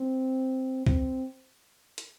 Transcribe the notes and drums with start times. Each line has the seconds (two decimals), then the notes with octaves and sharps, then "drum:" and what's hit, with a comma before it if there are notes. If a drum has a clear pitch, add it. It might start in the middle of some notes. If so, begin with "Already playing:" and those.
Already playing: C4
0.87 C4, drum: kick B1
1.98 drum: hi-hat